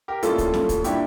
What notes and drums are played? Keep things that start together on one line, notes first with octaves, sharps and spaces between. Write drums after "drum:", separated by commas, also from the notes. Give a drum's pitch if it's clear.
G4 A#4
A2 G3 A#3 C#4 F4 A4, drum: hi-hat
drum: kick, hi-hat
drum: snare
drum: kick, hi-hat
A#2 G3 D4 E4 G4, drum: hi-hat